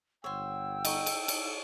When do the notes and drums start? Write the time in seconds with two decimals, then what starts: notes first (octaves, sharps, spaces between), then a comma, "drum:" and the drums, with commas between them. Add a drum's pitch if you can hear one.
0.24 G1 C5 C#5 F#5 G5 E6
0.85 D#5 A#5 C#6, drum: cymbal
1.06 drum: cymbal
1.28 drum: cymbal